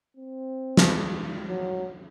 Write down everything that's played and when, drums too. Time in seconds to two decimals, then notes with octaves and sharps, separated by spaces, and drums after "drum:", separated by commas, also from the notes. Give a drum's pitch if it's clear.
0.17 C4
0.77 E2 G2 B2, drum: snare
1.49 F#3